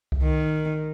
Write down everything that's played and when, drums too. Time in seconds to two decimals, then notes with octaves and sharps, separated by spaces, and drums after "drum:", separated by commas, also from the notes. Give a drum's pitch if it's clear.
0.12 drum: kick C2
0.22 D#3